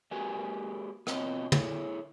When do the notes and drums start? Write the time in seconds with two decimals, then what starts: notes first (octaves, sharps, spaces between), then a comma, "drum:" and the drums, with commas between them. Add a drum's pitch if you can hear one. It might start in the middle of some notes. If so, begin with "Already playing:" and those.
0.11 G#3 A#3 F#4 G4 B4 G#5
1.07 B2 C4 F4 C#5 D#5, drum: rim click
1.52 E4 G#4 A4 C#5, drum: tom